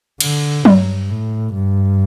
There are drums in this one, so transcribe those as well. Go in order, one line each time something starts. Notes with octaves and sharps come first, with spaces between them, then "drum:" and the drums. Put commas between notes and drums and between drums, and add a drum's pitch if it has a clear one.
D3, drum: cymbal
G2, drum: tom F#3
A2
G2